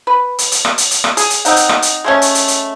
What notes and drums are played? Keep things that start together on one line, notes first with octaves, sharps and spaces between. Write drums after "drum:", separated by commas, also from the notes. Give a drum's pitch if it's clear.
B4
drum: hi-hat
drum: hi-hat
drum: rim click
drum: hi-hat
drum: hi-hat
drum: rim click
G#4, drum: hi-hat
drum: hi-hat
C4 D#4 F#5, drum: hi-hat
drum: hi-hat
drum: rim click
drum: hi-hat
G#3 A3 C#4
drum: hi-hat
drum: hi-hat
drum: hi-hat